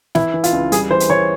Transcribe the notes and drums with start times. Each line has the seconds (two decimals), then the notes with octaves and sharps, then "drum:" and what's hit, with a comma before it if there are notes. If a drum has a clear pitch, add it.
0.15 E3 E4, drum: snare
0.34 E3
0.44 F4, drum: hi-hat
0.53 C#2
0.72 G3 G#4, drum: hi-hat
0.90 E3 C5
1.00 drum: hi-hat
1.10 E3 C#5